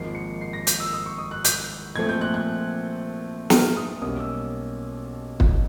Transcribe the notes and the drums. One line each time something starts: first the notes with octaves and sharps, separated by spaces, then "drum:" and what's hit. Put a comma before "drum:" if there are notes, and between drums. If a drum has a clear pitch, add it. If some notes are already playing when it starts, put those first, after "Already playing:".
Already playing: G#1 G#2 F3 A#3 C7
C#7
C7
A#6
G6, drum: hi-hat
E6
D#6
C#6
D#6
F#6
G6, drum: hi-hat
A#2 F3 A3 C4 G#6
G6
F#6
F#6
F6, drum: snare
D#6
B1 B2 G3 A#3 C#4 D#6
E6
drum: kick